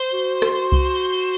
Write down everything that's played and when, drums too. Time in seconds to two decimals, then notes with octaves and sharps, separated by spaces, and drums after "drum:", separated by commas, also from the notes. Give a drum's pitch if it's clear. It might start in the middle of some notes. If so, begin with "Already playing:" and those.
Already playing: C5
0.13 F#4
0.42 drum: rim click
0.72 drum: kick C2